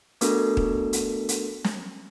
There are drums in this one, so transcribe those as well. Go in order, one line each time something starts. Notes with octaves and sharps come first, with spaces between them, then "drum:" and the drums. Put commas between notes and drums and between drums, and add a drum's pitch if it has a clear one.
A3 B3 D4 F#4 A4 A#4, drum: hi-hat
drum: kick
drum: hi-hat
drum: hi-hat
drum: snare